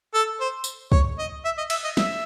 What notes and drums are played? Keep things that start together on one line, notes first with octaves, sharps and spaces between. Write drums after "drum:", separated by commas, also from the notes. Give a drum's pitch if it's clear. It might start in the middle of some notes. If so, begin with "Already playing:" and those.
A4
C5
drum: tambourine
C#5, drum: kick
D#5
E5
D#5
E5, drum: cymbal
D#5
E5, drum: snare